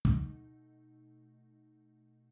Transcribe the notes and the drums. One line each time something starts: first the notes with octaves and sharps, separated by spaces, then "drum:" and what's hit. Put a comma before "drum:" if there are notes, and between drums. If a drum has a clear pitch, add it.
B2 A3 D#4, drum: kick